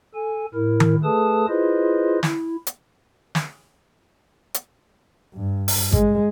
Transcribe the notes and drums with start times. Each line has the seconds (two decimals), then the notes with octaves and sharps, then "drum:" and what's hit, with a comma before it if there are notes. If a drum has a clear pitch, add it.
0.15 A4 G#5
0.54 A2 E4 A#4
0.80 drum: tom D#3
1.03 A3 G#4 A4 B4 A5 D#6
1.49 E4 F4 G#4 B4 C5 D#5
2.23 E4, drum: snare
2.67 drum: hi-hat
3.35 drum: snare
4.54 drum: hi-hat
5.34 G2
5.68 drum: open hi-hat
5.92 G#3, drum: kick G#1